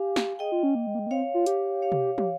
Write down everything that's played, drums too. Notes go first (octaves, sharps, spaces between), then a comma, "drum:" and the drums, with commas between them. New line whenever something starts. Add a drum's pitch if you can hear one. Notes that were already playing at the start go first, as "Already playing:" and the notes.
Already playing: G4 F5 G#5
drum: snare
G#4 D#5 G5
F4
C#4
A#3
G#3
A#3
G#3
A#3
C4 C#5 F5
F4
G4, drum: hi-hat
C#5 F5
drum: tom B2
G4, drum: tom